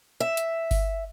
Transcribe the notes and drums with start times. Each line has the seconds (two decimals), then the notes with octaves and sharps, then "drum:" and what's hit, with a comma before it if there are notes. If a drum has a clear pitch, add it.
0.20 E5
0.37 drum: hi-hat
0.71 drum: kick G1, open hi-hat